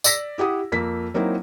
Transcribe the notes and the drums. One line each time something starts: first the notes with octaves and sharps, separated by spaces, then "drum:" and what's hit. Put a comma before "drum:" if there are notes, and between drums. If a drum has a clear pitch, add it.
D5 E6 A#6 B6, drum: tambourine
E4 G4 F#5 D#6
F2 A#3 B6
F#3 A#3 C4 D#4 E4